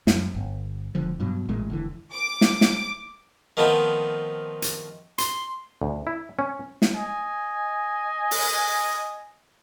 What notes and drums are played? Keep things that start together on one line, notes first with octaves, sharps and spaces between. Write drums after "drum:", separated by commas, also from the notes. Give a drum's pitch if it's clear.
F#2, drum: snare
G1
E1 D3 F3
G2 B2 F#3
A1 A#2 G#3
E1 D3 E3
D6
drum: snare
drum: snare
D#3 F3 A3 B3 C4 D#4
drum: hi-hat
C6, drum: hi-hat
D2
E4
C#4
drum: snare
D#5 G#5
drum: open hi-hat